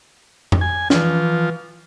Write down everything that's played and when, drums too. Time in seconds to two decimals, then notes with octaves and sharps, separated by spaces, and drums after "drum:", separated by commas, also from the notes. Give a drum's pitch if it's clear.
0.52 drum: tom F2
0.61 G#5
0.90 E3 F3, drum: snare